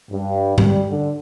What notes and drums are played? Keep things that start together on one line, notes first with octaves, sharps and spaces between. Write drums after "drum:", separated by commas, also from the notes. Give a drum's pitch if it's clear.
G2
G3, drum: tom G2
D3